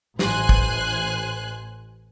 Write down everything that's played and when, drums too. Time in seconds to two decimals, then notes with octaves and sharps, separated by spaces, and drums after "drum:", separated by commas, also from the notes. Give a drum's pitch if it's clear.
0.19 A1 C5 G#5 F#6, drum: snare
0.49 drum: kick